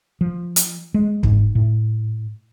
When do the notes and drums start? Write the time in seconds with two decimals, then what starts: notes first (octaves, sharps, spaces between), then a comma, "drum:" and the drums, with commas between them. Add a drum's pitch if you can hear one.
0.21 F3
0.56 drum: hi-hat
0.94 G#3
1.23 G#2, drum: kick
1.55 A2